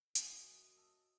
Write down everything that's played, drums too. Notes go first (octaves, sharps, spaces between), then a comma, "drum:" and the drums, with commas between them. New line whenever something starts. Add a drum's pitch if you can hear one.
F#2 F#4 D#5 E5 F#5 G#5, drum: hi-hat
A5 D#6 E6